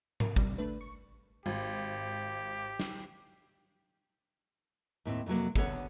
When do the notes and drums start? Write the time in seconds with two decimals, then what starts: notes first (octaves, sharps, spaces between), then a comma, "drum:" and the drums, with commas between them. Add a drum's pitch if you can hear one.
0.20 A#4, drum: tom G#2
0.36 C#2 C3 G3, drum: kick
0.58 D2 A3 D4 B4
0.81 C#6
1.46 G#1 G4
2.80 drum: snare
5.05 D#2 A2 C4
5.26 F2 C3 F#3 A#3
5.56 D2 D3 B3 A4 C#5, drum: kick